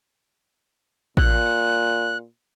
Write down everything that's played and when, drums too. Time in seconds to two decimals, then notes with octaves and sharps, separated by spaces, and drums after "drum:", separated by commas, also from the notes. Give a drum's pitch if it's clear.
1.17 A#2 F#6, drum: kick A1